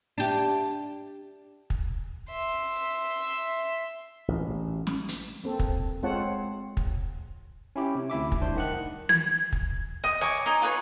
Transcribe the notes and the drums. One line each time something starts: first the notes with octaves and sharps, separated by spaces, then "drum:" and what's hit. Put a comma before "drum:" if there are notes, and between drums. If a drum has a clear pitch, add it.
D4 G4
drum: kick
E5 C6
A1
drum: snare
drum: hi-hat
A#3 C4 A4
drum: kick
G#3 C4 F4 C#5 F#5 A5
drum: kick
C#4 E4 G4
C3
D2 E4 E5 D6
drum: kick
C2 D4 C5
D#3 F#5 F#6
G#6, drum: tom
drum: kick
D#5, drum: rim click
C#5 G#5 D6, drum: rim click
D#4 G#5
F4 B4 C#5 G#5